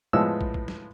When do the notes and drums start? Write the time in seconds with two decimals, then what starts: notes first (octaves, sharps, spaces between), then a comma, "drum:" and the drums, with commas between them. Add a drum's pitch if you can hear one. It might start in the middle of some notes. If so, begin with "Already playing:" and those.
0.13 A2 F3 G#3 B3 E6
0.41 drum: kick
0.54 drum: kick
0.68 drum: snare